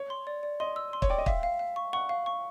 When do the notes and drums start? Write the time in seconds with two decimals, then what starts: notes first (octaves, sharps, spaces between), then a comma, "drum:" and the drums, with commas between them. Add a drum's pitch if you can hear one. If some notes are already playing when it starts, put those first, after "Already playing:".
Already playing: C#5
0.10 C6
0.27 D5
0.43 D5
0.60 D#5 C6
0.76 E6
0.93 C6
1.02 C#5, drum: kick
1.10 D5 G5
1.18 D#5
1.26 E5 F5, drum: kick
1.43 F5
1.59 F5
1.76 C#6
1.93 F#5 C#6
2.09 F5
2.26 C#6